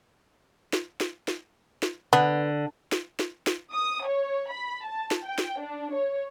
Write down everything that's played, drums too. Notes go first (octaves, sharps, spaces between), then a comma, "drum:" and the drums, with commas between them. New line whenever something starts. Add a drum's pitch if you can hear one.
drum: snare
drum: snare
drum: snare
drum: snare
D3 B3
drum: snare
drum: snare
drum: snare
D#6
C#5
B5
A5
drum: snare
G5
drum: snare
D4
C#5